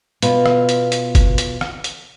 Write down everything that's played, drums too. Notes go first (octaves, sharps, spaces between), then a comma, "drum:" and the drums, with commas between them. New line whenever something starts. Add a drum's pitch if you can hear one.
B2 F4, drum: hi-hat
drum: rim click
drum: hi-hat
drum: hi-hat
drum: kick F#1, hi-hat
drum: hi-hat
drum: rim click
drum: hi-hat